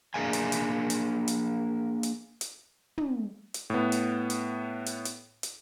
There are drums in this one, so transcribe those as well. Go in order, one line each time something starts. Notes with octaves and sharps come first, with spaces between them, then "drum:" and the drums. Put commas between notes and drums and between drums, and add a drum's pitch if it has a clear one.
A#3 D4 G#4 A#4 F5 G#5
drum: hi-hat
drum: hi-hat
drum: hi-hat
drum: hi-hat
drum: hi-hat
drum: hi-hat
drum: tom
drum: hi-hat
A2 B3
drum: hi-hat
drum: hi-hat
drum: hi-hat
drum: hi-hat
drum: hi-hat